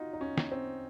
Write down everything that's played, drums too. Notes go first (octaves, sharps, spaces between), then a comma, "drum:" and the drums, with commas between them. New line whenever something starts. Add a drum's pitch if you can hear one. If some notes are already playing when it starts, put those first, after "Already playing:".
Already playing: D#4 F4 F#4
D#4
C#4
drum: snare
C4